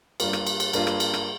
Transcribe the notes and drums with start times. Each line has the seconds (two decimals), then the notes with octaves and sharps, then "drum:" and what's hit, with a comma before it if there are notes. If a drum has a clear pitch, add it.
0.20 G2 G3 A#3 F4, drum: cymbal
0.33 drum: rim click
0.47 drum: cymbal
0.60 drum: cymbal
0.73 G2 G3 A#3 F4, drum: cymbal
0.87 drum: rim click
1.00 drum: cymbal
1.14 drum: rim click